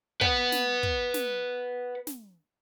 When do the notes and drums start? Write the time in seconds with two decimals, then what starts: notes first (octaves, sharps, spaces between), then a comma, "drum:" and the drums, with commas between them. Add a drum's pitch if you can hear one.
0.21 B4 F#5, drum: kick
0.52 drum: snare
0.83 drum: kick
1.14 drum: snare
2.07 drum: snare